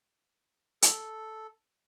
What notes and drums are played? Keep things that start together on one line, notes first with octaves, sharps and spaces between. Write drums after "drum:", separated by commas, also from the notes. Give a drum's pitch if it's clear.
A4, drum: hi-hat